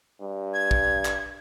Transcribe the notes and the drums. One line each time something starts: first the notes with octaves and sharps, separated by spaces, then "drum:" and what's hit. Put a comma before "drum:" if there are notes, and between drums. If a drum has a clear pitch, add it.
G2
G#6
drum: kick
drum: clap